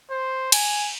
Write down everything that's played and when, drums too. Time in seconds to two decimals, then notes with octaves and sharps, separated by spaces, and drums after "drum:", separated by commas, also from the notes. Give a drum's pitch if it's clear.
0.10 C5
0.52 G#5, drum: cymbal